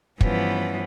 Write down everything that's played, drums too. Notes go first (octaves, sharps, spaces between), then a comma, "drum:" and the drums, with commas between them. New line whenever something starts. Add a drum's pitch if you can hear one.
G2 E3 F3 B3 C#4, drum: kick